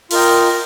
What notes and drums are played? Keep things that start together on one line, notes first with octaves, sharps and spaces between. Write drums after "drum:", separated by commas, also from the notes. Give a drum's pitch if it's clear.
F4 A#4 D#5 G5, drum: open hi-hat